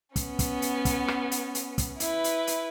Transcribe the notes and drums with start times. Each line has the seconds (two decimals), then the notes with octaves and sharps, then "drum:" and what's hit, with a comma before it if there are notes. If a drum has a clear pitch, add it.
0.16 B3 C#4, drum: kick, hi-hat
0.39 drum: kick, hi-hat
0.62 drum: hi-hat
0.85 drum: kick, hi-hat
1.08 drum: rim click
1.32 drum: hi-hat
1.55 drum: hi-hat
1.78 drum: kick, hi-hat
2.00 E4 B4, drum: hi-hat
2.24 drum: hi-hat
2.47 drum: hi-hat